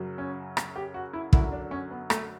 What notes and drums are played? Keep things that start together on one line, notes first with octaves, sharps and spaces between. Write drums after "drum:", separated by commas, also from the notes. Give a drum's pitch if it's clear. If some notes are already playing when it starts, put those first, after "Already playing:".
Already playing: F#2 C#3 F#3
C#4
drum: rim click
G4
F#4
E4
F#2 D3 F#3 E4, drum: kick
D4
C#4
B3
A3, drum: rim click